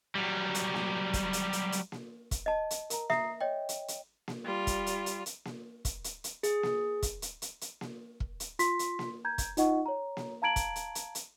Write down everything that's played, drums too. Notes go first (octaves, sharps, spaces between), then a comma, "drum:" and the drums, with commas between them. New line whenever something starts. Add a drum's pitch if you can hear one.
F#3 G3
drum: hi-hat
drum: snare A#3
drum: kick, hi-hat
drum: hi-hat
drum: hi-hat
drum: hi-hat
drum: snare A#3
drum: kick, hi-hat
D#5 A5
drum: hi-hat
A#4 A#5, drum: hi-hat
E5 A#5 D#6 C7, drum: snare A#3
C#5 D#5 G5
drum: hi-hat
drum: hi-hat
drum: snare A#3
G3 F4
drum: kick, hi-hat
drum: hi-hat
drum: hi-hat
drum: hi-hat
drum: snare A#3
drum: kick, hi-hat
drum: hi-hat
drum: hi-hat
G#4, drum: hi-hat
drum: snare A#3
drum: kick, hi-hat
drum: hi-hat
drum: hi-hat
drum: hi-hat
drum: snare A#3
drum: kick
drum: hi-hat
F4 C6 B6, drum: hi-hat
drum: hi-hat
drum: snare A#3
A#5 G6 G#6
drum: kick, hi-hat
D#4 F4 D#5 F#5 C#6, drum: hi-hat
C#5 A#5
drum: snare A#3
F5 A5 A#5 G#6 D7 F#7
drum: kick, hi-hat
drum: hi-hat
drum: hi-hat
drum: hi-hat